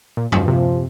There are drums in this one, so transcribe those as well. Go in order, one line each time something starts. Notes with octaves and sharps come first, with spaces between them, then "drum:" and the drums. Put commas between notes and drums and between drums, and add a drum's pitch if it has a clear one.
A#2
F3, drum: tom F#2
C3